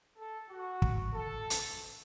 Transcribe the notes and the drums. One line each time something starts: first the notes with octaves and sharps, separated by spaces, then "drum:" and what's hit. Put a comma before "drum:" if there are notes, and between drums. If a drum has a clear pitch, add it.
A4
F#4
drum: kick
A4
drum: hi-hat